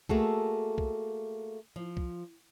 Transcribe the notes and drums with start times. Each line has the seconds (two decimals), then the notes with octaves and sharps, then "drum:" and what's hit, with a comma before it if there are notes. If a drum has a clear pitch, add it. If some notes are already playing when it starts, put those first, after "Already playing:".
0.09 A3 A#3 F#4 G#4 A4, drum: kick
0.78 drum: kick
1.76 F3
1.97 drum: kick